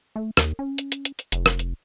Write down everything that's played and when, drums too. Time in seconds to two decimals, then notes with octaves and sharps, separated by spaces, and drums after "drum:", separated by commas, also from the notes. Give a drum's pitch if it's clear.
0.16 A3
0.37 D#2, drum: rim click
0.59 C#4
0.78 drum: hi-hat
0.92 drum: hi-hat
1.05 drum: hi-hat
1.19 drum: hi-hat
1.32 F1, drum: hi-hat
1.46 drum: rim click
1.59 drum: hi-hat